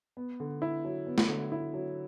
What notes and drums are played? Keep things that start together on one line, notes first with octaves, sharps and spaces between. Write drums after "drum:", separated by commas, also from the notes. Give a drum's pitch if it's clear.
B3
D3
E4
F#3
B3
drum: snare
D3
E4
F#3